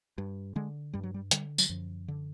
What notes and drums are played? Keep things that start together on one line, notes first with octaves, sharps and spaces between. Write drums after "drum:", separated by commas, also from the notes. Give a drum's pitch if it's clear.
G2
D3 G#3
G2 G3
F#3
G3
D3 G3, drum: hi-hat
F#3, drum: tambourine
F#2 F3
D3